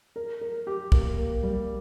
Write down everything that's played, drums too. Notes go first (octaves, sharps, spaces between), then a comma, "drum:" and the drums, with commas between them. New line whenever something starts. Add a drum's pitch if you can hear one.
A#4
A#4
G4
A#3, drum: kick
A#3
G3